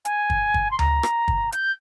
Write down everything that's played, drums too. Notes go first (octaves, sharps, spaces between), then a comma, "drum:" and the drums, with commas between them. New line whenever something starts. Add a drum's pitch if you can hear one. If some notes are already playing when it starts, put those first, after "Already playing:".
G#5, drum: hi-hat
drum: kick
drum: kick
C6
A#5, drum: tom D2
drum: rim click
drum: kick
G6, drum: hi-hat